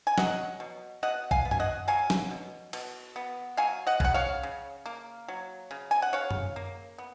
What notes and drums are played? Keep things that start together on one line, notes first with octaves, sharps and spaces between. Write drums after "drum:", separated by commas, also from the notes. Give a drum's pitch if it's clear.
G#5
F#3 D#5 F#5, drum: snare
B2
B2 D#5 F#5
F5 G#5, drum: kick
B3
G#5, drum: tom F#2
D#5 F#5
F#3 F5 G#5
drum: snare
B2
B2, drum: cymbal
B3
F#3 F5 G#5
D#5 F#5
C#3 F#5, drum: kick
C#5 F5
C#3
A#3
F#3
C#3
G#5
F#5
C#3 C#5 F5
drum: tom F#2
A#3
B3